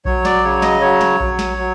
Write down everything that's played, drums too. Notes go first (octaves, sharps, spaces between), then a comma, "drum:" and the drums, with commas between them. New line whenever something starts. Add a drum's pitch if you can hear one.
F#3 C#5, drum: kick A#1
D5, drum: snare
C#3 C#5
D#5, drum: snare
F#3 C#5
drum: snare
F#3, drum: kick A#1
drum: snare
F#3